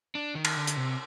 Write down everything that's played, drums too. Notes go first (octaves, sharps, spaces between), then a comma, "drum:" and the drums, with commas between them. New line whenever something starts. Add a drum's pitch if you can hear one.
D4
D#3
drum: cymbal
D3
drum: hi-hat
C3